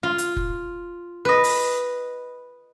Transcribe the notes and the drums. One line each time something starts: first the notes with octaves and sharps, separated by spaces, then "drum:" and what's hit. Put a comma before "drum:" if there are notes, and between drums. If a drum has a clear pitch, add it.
F4
drum: hi-hat
drum: kick F1
B4 D#5
drum: open hi-hat